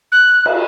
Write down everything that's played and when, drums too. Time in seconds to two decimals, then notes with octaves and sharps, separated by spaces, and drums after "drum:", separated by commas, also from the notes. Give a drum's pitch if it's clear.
0.12 F#6
0.46 drum: cymbal